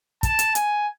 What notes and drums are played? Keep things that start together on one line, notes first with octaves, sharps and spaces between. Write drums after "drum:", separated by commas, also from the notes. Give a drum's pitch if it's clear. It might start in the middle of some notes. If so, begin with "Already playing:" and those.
A5, drum: kick, hi-hat
drum: hi-hat
G#5, drum: hi-hat